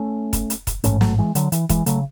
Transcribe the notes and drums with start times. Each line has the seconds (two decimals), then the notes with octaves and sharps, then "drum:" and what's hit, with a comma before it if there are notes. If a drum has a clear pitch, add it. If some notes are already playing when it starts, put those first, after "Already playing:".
Already playing: A3 C#4
0.33 drum: kick, hi-hat
0.50 drum: hi-hat
0.67 drum: kick, hi-hat
0.84 A1 G#2 A3 C#4, drum: hi-hat
1.01 F#3 A3, drum: snare
1.19 E3 G#3
1.35 D3 F#3, drum: hi-hat
1.52 E3, drum: hi-hat
1.69 E3 G#3, drum: kick, hi-hat
1.86 C#3 F#3 A3, drum: hi-hat